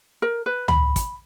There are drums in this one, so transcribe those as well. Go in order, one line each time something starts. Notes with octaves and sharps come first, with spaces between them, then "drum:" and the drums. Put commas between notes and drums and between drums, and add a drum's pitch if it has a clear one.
A#4
B4
B5, drum: tom
drum: kick, hi-hat